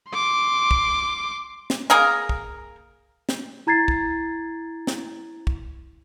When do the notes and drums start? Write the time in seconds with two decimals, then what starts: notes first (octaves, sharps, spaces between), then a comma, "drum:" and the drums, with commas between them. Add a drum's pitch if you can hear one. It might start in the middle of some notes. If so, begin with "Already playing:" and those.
0.10 C6 D6
0.71 drum: kick
1.70 drum: snare
1.90 A#3 G#4 A#4
2.29 drum: kick
3.29 drum: snare
3.67 E4 A#5 G#6 A6 C7
3.88 drum: kick
4.87 drum: snare
5.47 drum: kick